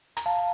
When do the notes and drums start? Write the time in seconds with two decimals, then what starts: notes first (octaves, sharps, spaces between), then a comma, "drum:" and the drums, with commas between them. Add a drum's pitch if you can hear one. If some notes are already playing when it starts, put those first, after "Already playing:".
0.17 A#5, drum: hi-hat
0.26 F5 A5